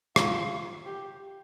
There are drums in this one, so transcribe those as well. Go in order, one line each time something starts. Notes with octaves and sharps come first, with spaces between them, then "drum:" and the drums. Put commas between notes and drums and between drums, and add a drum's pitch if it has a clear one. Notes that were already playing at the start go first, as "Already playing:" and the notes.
F4, drum: rim click
G4